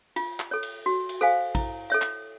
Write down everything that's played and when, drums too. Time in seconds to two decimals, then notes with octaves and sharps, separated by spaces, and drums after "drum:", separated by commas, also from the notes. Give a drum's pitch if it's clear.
0.16 F4, drum: cymbal
0.40 drum: clap
0.51 A4 C#5
0.63 drum: cymbal
0.86 F#4
1.09 drum: cymbal
1.21 A4 C5 F5 G#5
1.55 E4, drum: kick, cymbal
1.90 A4 C#5 E5
2.02 drum: clap